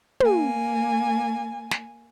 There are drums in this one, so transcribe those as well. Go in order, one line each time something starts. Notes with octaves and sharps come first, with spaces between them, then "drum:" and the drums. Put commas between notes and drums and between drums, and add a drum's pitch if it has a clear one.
A#3 G#5, drum: tom
drum: snare